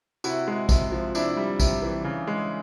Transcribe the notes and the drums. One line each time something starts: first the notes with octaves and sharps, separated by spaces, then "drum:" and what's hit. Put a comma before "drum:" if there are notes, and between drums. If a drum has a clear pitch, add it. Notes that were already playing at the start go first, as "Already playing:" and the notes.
C3 E4 F#4, drum: tambourine
G#3
C3, drum: kick A#1, tambourine
F3
C3 D4 E4, drum: tambourine
G3
C3, drum: kick A#1, tambourine
E3
C#3
G#3